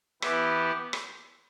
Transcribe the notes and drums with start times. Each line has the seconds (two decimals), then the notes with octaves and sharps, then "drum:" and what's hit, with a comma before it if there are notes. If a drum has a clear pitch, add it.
0.22 E3 B3 E4 G4, drum: rim click
0.93 drum: rim click